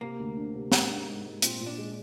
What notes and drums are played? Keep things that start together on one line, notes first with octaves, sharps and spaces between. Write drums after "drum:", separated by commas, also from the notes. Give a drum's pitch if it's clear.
C3 A#3
D2
D4
C3
G#2, drum: snare
D4
G#2
G#2
A#2 C4, drum: hi-hat
A#2
D4
G#3